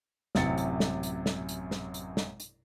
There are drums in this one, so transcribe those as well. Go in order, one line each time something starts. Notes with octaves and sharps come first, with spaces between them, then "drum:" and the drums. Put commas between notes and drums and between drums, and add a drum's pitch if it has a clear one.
A1 F#2 C3 A6 C#7, drum: snare
drum: hi-hat
drum: snare
drum: hi-hat
drum: snare
drum: hi-hat
drum: snare
drum: hi-hat
drum: snare
drum: hi-hat